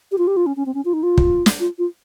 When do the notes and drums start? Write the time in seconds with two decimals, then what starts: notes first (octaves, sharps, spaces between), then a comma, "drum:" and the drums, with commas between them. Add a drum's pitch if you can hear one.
0.12 G4
0.18 F4
0.27 G4
0.37 F4
0.46 C#4
0.57 C#4
0.66 C4
0.74 C#4
0.85 F4
0.93 D#4
1.03 F4
1.18 drum: kick
1.46 drum: snare
1.60 F4
1.78 F4